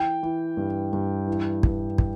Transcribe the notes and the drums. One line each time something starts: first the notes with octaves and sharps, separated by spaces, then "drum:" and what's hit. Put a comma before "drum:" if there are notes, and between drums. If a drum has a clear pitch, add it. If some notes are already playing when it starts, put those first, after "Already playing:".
Already playing: E3 G5
E3
G2
G2
E3
G2, drum: kick
drum: kick